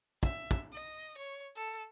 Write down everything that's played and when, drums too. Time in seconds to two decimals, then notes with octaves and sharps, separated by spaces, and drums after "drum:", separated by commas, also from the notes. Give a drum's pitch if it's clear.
0.23 E5, drum: kick
0.51 drum: kick
0.73 D#5
1.17 C#5
1.56 A4